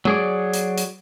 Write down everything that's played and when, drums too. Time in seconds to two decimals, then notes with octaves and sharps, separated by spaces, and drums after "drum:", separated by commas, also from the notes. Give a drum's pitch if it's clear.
0.05 F#3 G#4 D5, drum: tom
0.53 drum: hi-hat
0.78 drum: hi-hat